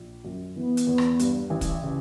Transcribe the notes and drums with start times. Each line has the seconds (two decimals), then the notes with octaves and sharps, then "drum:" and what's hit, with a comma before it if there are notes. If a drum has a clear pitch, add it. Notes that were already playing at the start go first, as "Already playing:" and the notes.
Already playing: A#1
0.25 F#2
0.56 E3 B3
0.77 drum: hi-hat
0.87 E2
0.98 drum: rim click
1.19 G2, drum: hi-hat
1.50 A1
1.61 drum: kick, hi-hat
1.82 C#3